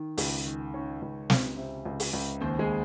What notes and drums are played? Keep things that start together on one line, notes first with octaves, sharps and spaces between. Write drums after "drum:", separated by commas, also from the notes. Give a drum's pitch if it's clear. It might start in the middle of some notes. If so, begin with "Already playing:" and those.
Already playing: D#3
C#2, drum: open hi-hat
D#3
D#3 C#4 C#5
C#2
C#2, drum: snare
C3
C#2
drum: open hi-hat
C#2
D#2 C4 C5
G#3 G#4